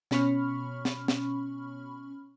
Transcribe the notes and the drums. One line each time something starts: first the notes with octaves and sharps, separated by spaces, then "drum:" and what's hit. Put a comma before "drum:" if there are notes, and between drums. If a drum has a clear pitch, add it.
B2 C#4 B5 C#6 F6, drum: snare
drum: snare
drum: snare